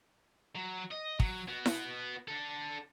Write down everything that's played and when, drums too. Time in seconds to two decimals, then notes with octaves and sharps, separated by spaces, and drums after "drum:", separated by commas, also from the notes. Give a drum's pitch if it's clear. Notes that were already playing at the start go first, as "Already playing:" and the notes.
0.55 F#3
0.91 D#5
1.20 F#3, drum: kick
1.48 B3 F#4
1.66 drum: snare E4
2.28 D4 A4